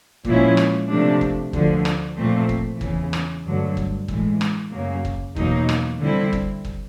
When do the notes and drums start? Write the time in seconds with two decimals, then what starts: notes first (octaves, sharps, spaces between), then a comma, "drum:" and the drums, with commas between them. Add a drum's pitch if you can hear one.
0.25 A#2 F3 G#3 C#4 E4, drum: kick
0.57 drum: rim click
0.90 C3 F3 A3 D4
1.21 drum: kick
1.53 D2 D3 F3, drum: kick
1.85 drum: rim click
2.17 A#2 F3 A3 C4
2.49 drum: kick
2.81 E2 C#3 E3, drum: kick
3.13 drum: rim click
3.45 G2 D3 F#3 A3
3.77 drum: kick
4.08 A2 E3 G#3, drum: kick
4.41 drum: rim click
4.72 F#2 C#3 F#3 A#3
5.05 drum: kick
5.36 E2 B2 F#3 A#3 D#4, drum: kick
5.69 drum: rim click
6.00 D3 G3 C4 E4
6.33 drum: kick
6.65 drum: kick